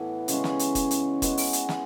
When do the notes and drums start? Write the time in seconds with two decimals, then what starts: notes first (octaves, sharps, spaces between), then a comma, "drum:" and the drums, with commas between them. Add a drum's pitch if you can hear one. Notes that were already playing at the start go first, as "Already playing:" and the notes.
Already playing: A2 E3 B3 E4
0.28 C#3 G#3 C#4, drum: hi-hat
0.44 drum: snare
0.59 drum: hi-hat
0.75 drum: kick, hi-hat
0.91 drum: hi-hat
1.22 G#3 B3 F#4, drum: kick, hi-hat
1.37 drum: open hi-hat
1.53 drum: hi-hat
1.69 drum: snare